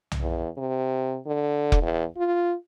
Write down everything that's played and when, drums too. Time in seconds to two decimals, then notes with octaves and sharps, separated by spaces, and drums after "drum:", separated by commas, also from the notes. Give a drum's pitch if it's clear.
0.12 drum: tom B1
0.21 E2
0.58 C3
1.26 D3
1.72 drum: kick F1
1.82 E2
2.17 F4